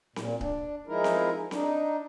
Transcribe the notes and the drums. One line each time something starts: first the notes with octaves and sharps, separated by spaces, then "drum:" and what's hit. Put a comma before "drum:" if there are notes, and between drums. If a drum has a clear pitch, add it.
A#2, drum: snare C4
D4, drum: kick C#1
F3 G#3 D#4 E4 A#4
drum: snare C4
D4 D#4, drum: snare C4